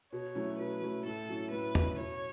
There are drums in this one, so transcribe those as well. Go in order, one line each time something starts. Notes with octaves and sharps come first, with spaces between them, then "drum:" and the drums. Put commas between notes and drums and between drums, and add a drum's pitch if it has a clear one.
B2 C#5
F#3 A3 C#4 E4
B2 B4
F#3 A3 C#4 E4
A2 A4
F#3 C#4 E4
A2 B4
F#3 C#4 E4, drum: tom E2
B2 C#5